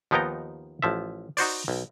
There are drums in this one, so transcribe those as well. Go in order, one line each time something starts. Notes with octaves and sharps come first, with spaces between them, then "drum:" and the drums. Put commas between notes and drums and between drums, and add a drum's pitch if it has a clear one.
D#2 F3 B3 D#4 G5 A#5
A1 F3 E5
D#4 F#4 C5 D5, drum: open hi-hat
B1